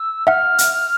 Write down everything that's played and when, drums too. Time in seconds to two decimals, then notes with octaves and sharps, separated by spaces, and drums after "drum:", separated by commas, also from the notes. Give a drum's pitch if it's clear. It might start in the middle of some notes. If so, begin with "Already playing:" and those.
Already playing: E6
0.27 E5 F#5 F6
0.58 drum: hi-hat